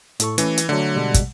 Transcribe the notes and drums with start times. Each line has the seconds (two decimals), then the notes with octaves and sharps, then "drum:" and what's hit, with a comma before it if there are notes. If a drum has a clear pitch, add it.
0.20 A2 A4 C#6, drum: hi-hat
0.38 E3 A3 C#4, drum: hi-hat
0.58 drum: hi-hat
0.69 D3 F#3 A3
0.96 B2 G3 G#3
1.14 drum: kick, hi-hat